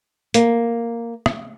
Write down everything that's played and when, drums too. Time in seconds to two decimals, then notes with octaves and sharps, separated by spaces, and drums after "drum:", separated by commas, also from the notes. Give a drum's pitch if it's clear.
0.34 A#3, drum: hi-hat
1.26 drum: rim click